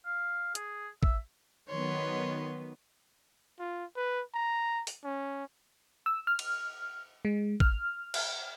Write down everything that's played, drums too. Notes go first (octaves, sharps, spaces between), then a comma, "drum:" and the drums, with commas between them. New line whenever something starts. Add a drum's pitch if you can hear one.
F5
G#4, drum: hi-hat
E5, drum: kick
D#3 F#3 B3 C#5 C6
F4
B4
A#5
drum: open hi-hat
C#4
E6
F6
drum: cymbal
G#3
F6, drum: kick
drum: cymbal